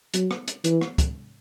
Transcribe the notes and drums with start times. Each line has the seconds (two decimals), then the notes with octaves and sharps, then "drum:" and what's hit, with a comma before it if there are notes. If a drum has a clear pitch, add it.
0.14 F#3, drum: hi-hat
0.31 drum: rim click
0.48 drum: hi-hat
0.64 E3, drum: hi-hat
0.81 drum: rim click
0.98 drum: kick, hi-hat